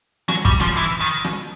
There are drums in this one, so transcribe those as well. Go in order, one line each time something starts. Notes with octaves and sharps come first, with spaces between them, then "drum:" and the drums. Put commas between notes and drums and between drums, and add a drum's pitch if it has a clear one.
F#3, drum: rim click
G3, drum: kick
F3, drum: rim click
E3
D#3
drum: rim click